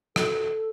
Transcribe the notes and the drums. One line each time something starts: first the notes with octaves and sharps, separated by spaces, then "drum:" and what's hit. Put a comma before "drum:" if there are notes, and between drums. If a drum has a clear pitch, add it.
A4, drum: rim click